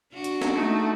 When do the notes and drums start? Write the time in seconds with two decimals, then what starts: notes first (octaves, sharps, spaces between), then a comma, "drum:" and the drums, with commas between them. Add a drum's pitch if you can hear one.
0.13 D4 F#4
0.24 drum: hi-hat
0.42 drum: snare
0.54 A3 D#4